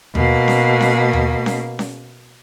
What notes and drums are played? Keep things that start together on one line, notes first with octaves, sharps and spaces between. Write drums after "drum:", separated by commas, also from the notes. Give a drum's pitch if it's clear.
B2 A#3, drum: tom D#2
drum: snare C#4
drum: snare C#4
drum: tom D#2
drum: snare C#4
drum: snare C#4